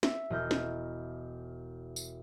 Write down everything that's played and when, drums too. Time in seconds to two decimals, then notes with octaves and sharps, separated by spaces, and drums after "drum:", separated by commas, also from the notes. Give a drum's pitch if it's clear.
0.03 E5, drum: snare
0.30 E1 D#5 A#5 F6 G6
0.51 drum: snare
1.96 drum: tambourine